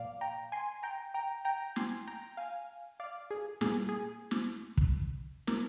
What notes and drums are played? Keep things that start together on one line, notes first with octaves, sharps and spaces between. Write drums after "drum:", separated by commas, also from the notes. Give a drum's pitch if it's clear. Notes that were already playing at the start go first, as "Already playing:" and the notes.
Already playing: A#2 F3 A#3 D5 F5
G5 A#5
G#5 C6
G5 A#5
G5 A#5
G5 A#5
G#5 C6, drum: snare
G5 A#5
F5 G#5
D5 F5
G#4
A#2 G3 A#3 G#4, drum: snare
G#4
drum: snare
drum: kick
A#4, drum: snare